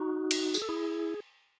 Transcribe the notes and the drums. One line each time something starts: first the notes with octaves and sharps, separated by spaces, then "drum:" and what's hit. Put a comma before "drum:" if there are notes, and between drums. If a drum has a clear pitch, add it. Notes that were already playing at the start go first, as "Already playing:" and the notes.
Already playing: D#4 F#4
drum: cymbal
G#4, drum: tambourine
A4
E4 G#4